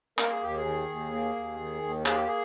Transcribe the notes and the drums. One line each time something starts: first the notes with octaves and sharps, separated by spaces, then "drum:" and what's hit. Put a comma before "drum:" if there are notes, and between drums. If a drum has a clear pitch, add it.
A#3 A#4, drum: clap
G#4
D#2 G4
G#4
D#3
D#2
A#3
D#2
D#3
D#2
A#3 G#4, drum: clap
G4
G#4